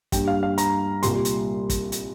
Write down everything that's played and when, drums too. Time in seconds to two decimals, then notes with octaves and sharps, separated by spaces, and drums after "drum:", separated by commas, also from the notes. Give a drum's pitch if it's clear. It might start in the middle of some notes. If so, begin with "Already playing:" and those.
0.12 G2 G3 A#3 G5, drum: kick, hi-hat
0.28 F5
0.43 F5
0.58 A#5, drum: hi-hat
1.03 C2 A#2 G3 C6, drum: hi-hat
1.25 drum: hi-hat
1.70 drum: kick, hi-hat
1.92 drum: hi-hat